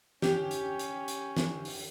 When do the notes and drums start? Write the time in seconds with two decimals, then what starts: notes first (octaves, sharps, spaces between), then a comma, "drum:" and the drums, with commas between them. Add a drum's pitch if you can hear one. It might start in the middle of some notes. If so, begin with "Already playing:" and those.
0.22 C#4 G4, drum: snare
0.51 drum: hi-hat
0.79 drum: hi-hat
1.08 drum: hi-hat
1.37 drum: snare
1.65 drum: open hi-hat